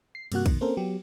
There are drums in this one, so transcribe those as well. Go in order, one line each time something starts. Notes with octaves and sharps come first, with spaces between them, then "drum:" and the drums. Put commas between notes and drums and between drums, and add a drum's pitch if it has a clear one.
C7
G2 C3 A#3 F#4 F#6, drum: cymbal
F2 B2 D#3, drum: kick, cymbal
A#3 C4 C#4 A4 A#4 C5
F#3 B3 G4